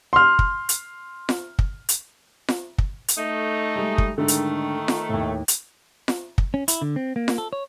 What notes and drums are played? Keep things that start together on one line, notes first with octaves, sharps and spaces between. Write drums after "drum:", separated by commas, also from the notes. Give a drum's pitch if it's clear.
C6 F6
drum: kick
drum: hi-hat
drum: snare F4
drum: kick
drum: hi-hat
drum: snare F4
drum: kick
drum: hi-hat
A3 D#4
G3 G#3
drum: kick
G#2 D3 D#3 A3
drum: hi-hat
drum: snare F4
D#2 A2
drum: hi-hat
drum: snare F4
drum: kick
C#4
E4, drum: hi-hat
D3
C4
A#3
drum: snare F4
A4
C#5